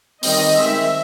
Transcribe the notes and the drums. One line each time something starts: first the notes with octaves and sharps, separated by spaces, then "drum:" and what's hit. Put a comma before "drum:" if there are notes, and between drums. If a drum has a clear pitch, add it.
D#3 G3 C4 D#5, drum: open hi-hat
D#3 G#3 C4 E5